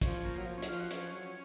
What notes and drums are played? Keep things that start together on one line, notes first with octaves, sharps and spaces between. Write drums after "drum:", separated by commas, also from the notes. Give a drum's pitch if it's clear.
F3 C#4, drum: kick, hi-hat
A#3
F#3
F3
C#4
F#3, drum: hi-hat
F3 F4
F#4
F3 C#4, drum: hi-hat
F#3